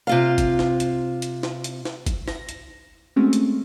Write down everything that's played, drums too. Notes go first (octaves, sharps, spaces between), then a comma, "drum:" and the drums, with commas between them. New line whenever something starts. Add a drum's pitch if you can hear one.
C3 F4 F5
drum: kick F#1, hi-hat
drum: snare
drum: hi-hat
drum: hi-hat
drum: snare
drum: hi-hat
drum: snare
drum: kick F#1, hi-hat
A#6, drum: snare
drum: hi-hat
G#3 A3 C4 C#4 F#4
drum: hi-hat